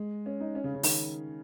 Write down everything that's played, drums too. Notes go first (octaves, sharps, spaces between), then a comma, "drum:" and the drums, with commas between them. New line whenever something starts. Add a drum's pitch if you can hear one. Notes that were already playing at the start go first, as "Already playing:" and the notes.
Already playing: G#3
C#4
D#4
C#4
C#3
C#3
D#3, drum: open hi-hat